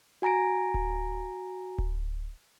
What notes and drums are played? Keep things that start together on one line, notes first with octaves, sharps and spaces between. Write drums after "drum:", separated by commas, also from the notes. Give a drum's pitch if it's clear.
F#4 G#5 A#5 A#6 D7
drum: kick D1
drum: kick D1